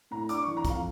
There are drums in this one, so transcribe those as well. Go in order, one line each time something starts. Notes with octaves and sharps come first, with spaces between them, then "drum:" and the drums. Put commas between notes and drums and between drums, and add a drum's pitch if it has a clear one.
A2 A#5
D4 D6, drum: hi-hat
E3 C#6
A#5
F2 F5, drum: kick, hi-hat